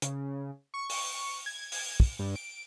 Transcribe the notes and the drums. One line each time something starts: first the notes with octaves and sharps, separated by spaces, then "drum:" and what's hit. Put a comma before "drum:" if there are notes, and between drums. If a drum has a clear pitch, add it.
C#3, drum: hi-hat
C#6
drum: open hi-hat
G#6
drum: open hi-hat
drum: kick
G2
D7